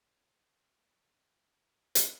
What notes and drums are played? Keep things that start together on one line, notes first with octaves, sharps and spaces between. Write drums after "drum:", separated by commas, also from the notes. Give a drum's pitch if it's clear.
C#4 D#4 A4 C6 E6
drum: hi-hat